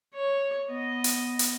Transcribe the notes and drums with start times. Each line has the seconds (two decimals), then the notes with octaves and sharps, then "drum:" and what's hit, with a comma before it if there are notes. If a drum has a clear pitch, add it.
0.15 C#5
0.69 B3 D#5
1.04 drum: hi-hat
1.39 drum: hi-hat